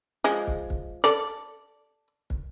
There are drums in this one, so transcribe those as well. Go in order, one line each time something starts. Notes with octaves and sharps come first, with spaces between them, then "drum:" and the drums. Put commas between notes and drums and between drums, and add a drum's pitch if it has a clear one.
F3 G#3
drum: kick
drum: kick
A4 D5
drum: kick